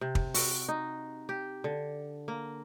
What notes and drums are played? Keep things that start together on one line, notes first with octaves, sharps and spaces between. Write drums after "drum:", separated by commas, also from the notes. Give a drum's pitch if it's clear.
C3
drum: kick
F#4, drum: open hi-hat
D#4
G4
D3
A#3